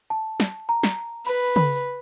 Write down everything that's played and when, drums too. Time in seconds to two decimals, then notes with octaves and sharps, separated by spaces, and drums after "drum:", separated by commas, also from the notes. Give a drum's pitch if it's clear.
0.10 A5
0.40 drum: snare
0.69 A#5
0.83 drum: snare
1.27 B4 B5
1.56 B5, drum: tom C#3